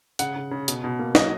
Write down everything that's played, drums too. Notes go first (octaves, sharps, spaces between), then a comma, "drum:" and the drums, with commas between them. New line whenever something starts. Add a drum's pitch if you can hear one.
C#3 F#5, drum: hi-hat
C#3
C#3
B2, drum: hi-hat
B2
A#3
F#3 D#5, drum: snare